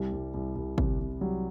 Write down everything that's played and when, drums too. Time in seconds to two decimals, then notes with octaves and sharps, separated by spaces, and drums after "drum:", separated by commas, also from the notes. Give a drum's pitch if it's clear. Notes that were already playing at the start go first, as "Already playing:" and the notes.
Already playing: C2 G3
0.12 C2
0.34 C2
0.56 C2
0.78 C3, drum: kick
0.99 C3
1.21 F#3 G3